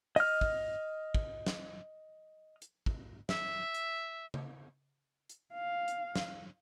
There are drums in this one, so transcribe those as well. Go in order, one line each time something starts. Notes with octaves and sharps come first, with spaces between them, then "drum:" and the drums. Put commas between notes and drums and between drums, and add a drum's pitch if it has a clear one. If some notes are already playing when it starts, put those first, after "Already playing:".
D#5 F6, drum: open hi-hat
drum: kick
drum: kick
drum: snare
drum: hi-hat
drum: kick
E5, drum: snare
drum: hi-hat
drum: tom C#3
drum: hi-hat
F5
drum: hi-hat
drum: snare